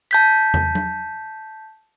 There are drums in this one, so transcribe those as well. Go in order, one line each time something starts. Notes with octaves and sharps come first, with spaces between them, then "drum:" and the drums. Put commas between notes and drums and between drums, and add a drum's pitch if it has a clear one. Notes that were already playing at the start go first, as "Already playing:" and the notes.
A5 G6 B6
drum: tom
drum: tom F#3